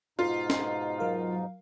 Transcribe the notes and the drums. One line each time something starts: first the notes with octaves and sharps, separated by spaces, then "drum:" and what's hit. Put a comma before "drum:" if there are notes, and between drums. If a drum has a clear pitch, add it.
G#2 B2 D#4 F4
drum: snare
F#3 A#4 F5